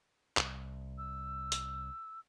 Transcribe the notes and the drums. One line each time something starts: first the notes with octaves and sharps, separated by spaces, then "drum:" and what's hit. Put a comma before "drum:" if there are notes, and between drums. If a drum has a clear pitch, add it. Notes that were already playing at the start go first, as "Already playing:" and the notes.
C2, drum: clap
E6
drum: hi-hat